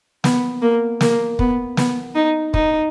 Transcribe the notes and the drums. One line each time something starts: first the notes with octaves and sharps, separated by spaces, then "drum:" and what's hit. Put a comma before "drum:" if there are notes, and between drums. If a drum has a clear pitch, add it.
B3, drum: snare
A#3
A#3, drum: snare
B3, drum: kick
B3, drum: snare
D#4
D#4, drum: kick